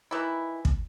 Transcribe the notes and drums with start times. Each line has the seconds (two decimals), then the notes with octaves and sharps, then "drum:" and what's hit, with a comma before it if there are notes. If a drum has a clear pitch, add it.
0.11 D#3 E3 E4
0.65 drum: kick